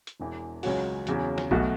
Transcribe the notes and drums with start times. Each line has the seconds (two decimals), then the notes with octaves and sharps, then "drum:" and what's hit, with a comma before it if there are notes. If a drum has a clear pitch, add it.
0.07 drum: hi-hat
0.20 E1 E2 E3
0.63 C#2 C#3 F#3 C#4 F#4, drum: open hi-hat
1.07 E2 C#3 F#3, drum: hi-hat
1.38 drum: snare
1.51 B1 B2 A3 F#4, drum: kick B1